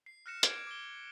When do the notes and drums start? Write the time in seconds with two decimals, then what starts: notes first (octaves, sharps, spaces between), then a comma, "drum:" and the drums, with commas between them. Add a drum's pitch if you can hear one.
0.06 C7
0.26 F6 F#6 A#6 C#7 E7
0.43 D6 G#6 D7, drum: hi-hat
0.67 D6 G#6 G7